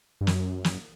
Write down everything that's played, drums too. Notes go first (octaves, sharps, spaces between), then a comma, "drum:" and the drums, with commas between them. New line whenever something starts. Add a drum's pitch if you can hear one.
G2
F#2, drum: snare
drum: snare